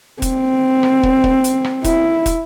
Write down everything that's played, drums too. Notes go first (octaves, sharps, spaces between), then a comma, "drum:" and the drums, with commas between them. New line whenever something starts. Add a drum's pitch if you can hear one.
C4, drum: kick, hi-hat
drum: rim click
drum: kick
drum: kick
drum: hi-hat
drum: rim click
E4, drum: kick, hi-hat
drum: kick, hi-hat